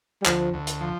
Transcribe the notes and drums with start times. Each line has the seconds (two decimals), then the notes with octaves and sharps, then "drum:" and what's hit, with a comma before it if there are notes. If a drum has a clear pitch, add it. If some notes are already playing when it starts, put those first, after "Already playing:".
0.22 G3
0.26 D2 F3, drum: clap
0.53 D2
0.67 drum: hi-hat
0.81 F3